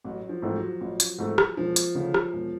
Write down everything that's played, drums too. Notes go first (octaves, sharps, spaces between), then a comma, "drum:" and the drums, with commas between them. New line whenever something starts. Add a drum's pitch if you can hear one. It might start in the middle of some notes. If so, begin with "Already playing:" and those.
A1 F#3
F3
G#2 E3 A3 C4
F#3
A1
drum: hi-hat
G#2 E3 A3 C4
drum: rim click
E1 F3
drum: hi-hat
D2 C#3
drum: rim click
E1